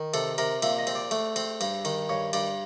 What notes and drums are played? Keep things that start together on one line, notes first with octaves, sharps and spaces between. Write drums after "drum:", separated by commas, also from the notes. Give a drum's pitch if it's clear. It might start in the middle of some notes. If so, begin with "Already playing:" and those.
Already playing: D#3
C3 A4, drum: cymbal
C3 A#4, drum: cymbal
A#2 E5, drum: cymbal
D#5
C4, drum: cymbal
D5
A3, drum: cymbal
C4, drum: cymbal
G2, drum: cymbal
D#3, drum: cymbal
G2 C#5
G2 D5, drum: cymbal